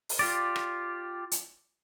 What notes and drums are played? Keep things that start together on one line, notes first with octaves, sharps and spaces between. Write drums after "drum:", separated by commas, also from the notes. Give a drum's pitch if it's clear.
drum: open hi-hat
F4 G4 D5
drum: rim click
drum: hi-hat